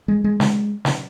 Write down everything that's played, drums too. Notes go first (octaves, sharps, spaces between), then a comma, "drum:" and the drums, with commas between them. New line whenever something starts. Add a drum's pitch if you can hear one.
G#3
G#3
G#3, drum: snare
drum: snare